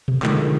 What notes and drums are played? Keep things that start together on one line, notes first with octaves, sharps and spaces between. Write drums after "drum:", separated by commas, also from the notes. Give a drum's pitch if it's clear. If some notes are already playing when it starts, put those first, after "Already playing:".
drum: tom B2
D3 D#3 F3 G#3, drum: clap